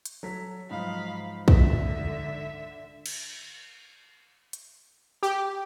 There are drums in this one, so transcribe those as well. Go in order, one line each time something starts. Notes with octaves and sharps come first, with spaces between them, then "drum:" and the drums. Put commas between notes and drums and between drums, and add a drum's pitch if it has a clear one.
drum: hi-hat
F#3 A4 B6
G#2 F3 F#3 D#4 F5 B5
D3 E5, drum: kick
drum: cymbal
drum: hi-hat
G4